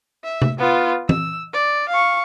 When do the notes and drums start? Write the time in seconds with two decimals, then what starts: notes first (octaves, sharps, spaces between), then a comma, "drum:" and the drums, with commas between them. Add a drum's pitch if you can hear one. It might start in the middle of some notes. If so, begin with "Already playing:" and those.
0.24 E5
0.42 drum: tom C3
0.58 B3 F4
1.09 E6, drum: tom
1.53 D5
1.89 F5 C#6